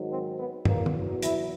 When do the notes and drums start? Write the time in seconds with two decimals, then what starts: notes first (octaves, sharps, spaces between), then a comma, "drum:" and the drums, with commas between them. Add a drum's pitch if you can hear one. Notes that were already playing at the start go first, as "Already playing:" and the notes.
Already playing: G#2 D#3 F#3
0.09 C4
0.37 B3
0.65 E2 B2 F#3 A#3, drum: tom
0.86 drum: tom
1.23 E4, drum: hi-hat